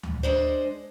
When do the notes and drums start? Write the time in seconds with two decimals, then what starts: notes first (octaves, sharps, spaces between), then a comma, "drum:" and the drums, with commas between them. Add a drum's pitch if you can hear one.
0.03 drum: tom D2
0.23 G#3 D4 C5